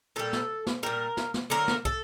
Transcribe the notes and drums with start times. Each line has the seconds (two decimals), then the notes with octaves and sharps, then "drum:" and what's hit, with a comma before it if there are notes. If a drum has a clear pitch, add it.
0.16 A#2 G3 A4
0.33 drum: snare
0.67 drum: snare
0.83 A#2 G3 A#4
1.17 drum: snare
1.34 drum: snare
1.50 D3 F#3 A3 A#4
1.68 drum: snare
1.85 A4, drum: kick